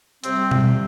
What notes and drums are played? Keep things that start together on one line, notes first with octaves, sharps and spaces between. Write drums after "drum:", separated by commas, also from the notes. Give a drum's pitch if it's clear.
C3 G3 C4, drum: hi-hat
drum: tom B2